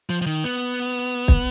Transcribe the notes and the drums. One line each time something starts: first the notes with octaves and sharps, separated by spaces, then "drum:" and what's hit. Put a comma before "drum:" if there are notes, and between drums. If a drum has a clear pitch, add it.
F3
F3
D#3
B3
drum: kick